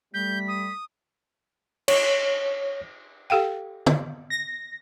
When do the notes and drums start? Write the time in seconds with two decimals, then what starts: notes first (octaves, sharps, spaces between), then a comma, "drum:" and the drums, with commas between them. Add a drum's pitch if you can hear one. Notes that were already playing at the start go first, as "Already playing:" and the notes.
0.14 G3 A3 G6 B6
0.48 D#6
1.88 C#5, drum: cymbal
3.30 G4 A4 F5 G5
3.86 drum: tom
4.30 A#6